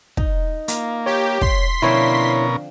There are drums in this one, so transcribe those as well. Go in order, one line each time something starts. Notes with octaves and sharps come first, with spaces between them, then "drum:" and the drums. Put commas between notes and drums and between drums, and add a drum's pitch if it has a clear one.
D#4, drum: kick
A#3 F4, drum: hi-hat
G4 C#5
C6 B6, drum: kick
B2 D3 F3 C4 C#4 E4 A#4 C#5